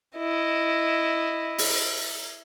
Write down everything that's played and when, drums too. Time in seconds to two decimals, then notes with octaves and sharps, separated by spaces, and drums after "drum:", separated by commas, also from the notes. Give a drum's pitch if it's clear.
0.17 E4 D#5
1.58 drum: open hi-hat